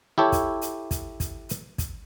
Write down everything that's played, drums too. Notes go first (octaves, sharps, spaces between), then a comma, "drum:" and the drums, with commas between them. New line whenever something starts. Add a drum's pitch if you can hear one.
E4 G4 A4 C#5
drum: kick, hi-hat
drum: hi-hat
drum: kick, hi-hat
drum: kick, hi-hat
drum: hi-hat
drum: kick, hi-hat